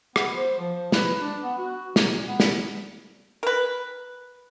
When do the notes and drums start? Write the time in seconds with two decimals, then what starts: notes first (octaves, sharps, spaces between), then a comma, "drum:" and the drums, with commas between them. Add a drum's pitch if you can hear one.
0.16 B3, drum: rim click
0.36 C5
0.59 F3
0.92 B4, drum: snare
1.20 D4
1.43 B3
1.58 F#4
1.96 F#3, drum: snare
2.14 A#2
2.28 B3
2.40 drum: snare
3.43 A#4 B4